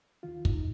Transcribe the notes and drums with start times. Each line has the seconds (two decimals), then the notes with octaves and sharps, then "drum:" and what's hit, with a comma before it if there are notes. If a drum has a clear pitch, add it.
0.23 D#2 D#3 F4
0.45 D#4, drum: kick